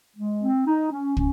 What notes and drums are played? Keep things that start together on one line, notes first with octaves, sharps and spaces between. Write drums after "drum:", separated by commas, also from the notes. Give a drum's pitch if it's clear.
G#3
C4
D#4
C#4
C#4, drum: kick